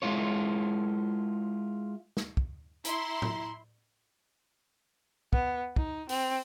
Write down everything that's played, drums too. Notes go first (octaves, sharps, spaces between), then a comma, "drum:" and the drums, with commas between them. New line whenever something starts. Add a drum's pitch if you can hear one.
G#3 E4 F4 C#5
drum: snare
drum: kick
E4 A#5 C6, drum: hi-hat
drum: tom A2
B3, drum: kick
D#4, drum: kick
C4, drum: open hi-hat